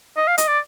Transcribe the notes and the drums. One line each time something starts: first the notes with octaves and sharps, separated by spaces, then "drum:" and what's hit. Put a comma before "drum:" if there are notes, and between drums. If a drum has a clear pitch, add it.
D#5
F5
D#5, drum: hi-hat
D5